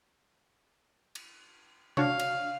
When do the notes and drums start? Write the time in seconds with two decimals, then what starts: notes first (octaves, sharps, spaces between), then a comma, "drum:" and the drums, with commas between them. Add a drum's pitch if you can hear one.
1.15 drum: cymbal
1.97 D4 F#4 C#5 F5, drum: tom C3
2.19 drum: cymbal